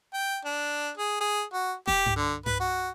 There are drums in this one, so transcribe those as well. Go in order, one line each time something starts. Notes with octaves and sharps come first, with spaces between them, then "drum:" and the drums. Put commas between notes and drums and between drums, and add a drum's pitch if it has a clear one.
G5
D4
G#4
G#4
F#4
G4, drum: snare E1
drum: tom G2
D3
B4, drum: tom G2
F#4